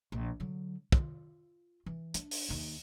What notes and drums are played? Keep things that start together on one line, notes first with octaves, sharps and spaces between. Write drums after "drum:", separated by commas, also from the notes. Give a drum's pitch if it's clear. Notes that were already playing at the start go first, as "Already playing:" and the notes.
A#1
D3 F#3
F4, drum: kick
E3
D4, drum: hi-hat
drum: open hi-hat
D#2 D#3